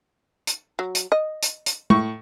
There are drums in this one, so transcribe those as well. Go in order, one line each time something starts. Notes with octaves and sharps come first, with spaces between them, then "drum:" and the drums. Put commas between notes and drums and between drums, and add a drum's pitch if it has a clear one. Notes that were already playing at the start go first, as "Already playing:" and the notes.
drum: hi-hat
F#3
drum: hi-hat
D#5
drum: hi-hat
drum: hi-hat
A2 C#6, drum: tom